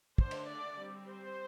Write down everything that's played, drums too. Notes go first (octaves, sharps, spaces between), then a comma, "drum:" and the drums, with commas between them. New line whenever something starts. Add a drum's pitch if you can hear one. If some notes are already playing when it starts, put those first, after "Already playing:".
D3 A3 D4 C5, drum: kick
drum: cymbal
D5
G3 C4
C5